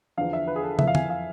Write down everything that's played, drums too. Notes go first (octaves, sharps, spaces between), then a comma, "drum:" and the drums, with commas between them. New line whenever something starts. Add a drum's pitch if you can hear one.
E2 D3 F3 F5
E5
B4
G#4
A4
F2 E3 E5, drum: tom
F5
G#5, drum: tom
F5